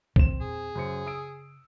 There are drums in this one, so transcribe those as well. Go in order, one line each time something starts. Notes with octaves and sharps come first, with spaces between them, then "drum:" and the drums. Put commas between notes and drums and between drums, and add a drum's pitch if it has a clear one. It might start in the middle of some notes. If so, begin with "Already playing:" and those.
D3 E3 G#3 C4 E7, drum: kick C2
E2 A#2 G#4
F#2 C#3 C5 C#7
D#6 E6 D7